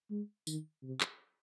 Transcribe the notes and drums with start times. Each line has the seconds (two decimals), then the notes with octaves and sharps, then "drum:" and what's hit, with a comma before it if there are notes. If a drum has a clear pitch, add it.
0.10 G#3
0.47 D#3, drum: tambourine
0.83 C3
1.01 drum: clap